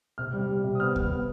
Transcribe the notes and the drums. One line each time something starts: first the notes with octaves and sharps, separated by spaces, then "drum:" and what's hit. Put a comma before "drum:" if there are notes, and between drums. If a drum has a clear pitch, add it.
C3 F6
G3
G3
C3
D#6
B3 F6
B3, drum: kick D2
B3